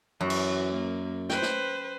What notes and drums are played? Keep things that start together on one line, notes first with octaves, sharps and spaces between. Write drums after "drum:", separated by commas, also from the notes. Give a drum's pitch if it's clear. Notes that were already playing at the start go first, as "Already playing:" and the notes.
F#2 E3 F#4
drum: cymbal
A#3
B4 C5 G5, drum: snare
drum: snare